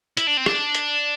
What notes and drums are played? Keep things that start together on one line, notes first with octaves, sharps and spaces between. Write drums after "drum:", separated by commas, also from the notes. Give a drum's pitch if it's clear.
E4, drum: hi-hat
D4
C4
D4, drum: rim click
drum: hi-hat